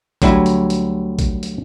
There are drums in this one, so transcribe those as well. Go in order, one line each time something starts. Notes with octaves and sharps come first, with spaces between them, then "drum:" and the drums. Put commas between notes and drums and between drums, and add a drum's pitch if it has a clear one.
D2 F#3 G3 E4, drum: kick, hi-hat
drum: hi-hat
drum: hi-hat
drum: kick, hi-hat
drum: hi-hat